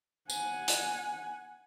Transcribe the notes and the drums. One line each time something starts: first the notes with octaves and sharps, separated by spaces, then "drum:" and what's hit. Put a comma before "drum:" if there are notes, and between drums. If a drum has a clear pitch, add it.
F#5 G#5, drum: tambourine
drum: hi-hat